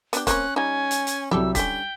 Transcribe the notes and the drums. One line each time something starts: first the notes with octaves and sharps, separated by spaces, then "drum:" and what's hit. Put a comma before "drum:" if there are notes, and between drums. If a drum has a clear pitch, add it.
B3 D4 G4, drum: hi-hat
A#3 C4 C#4 C#5 F#6, drum: kick, hi-hat
G3 C#4 D#4 G#5
drum: hi-hat
drum: hi-hat
C2 F#3 G3 E4 G4 A4 E6
D3 C#4 G5 B6, drum: kick, hi-hat